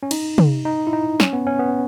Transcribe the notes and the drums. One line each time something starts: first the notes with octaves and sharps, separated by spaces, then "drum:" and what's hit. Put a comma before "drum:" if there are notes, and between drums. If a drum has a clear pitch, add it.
C#4
D#4, drum: cymbal
drum: tom
D#4
E4
D#4
C#4, drum: snare
B3
C#4
B3